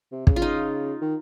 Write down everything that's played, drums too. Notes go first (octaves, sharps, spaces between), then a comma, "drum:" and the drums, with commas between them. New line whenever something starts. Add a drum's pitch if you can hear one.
C3
C#3, drum: kick
F4
D#4
D#3